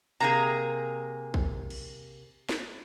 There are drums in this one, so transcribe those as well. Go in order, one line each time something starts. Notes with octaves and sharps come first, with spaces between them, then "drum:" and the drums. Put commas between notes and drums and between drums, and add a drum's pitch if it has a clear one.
C3 A#3 G#4 G#5 A#5
drum: kick A#1
drum: cymbal
drum: snare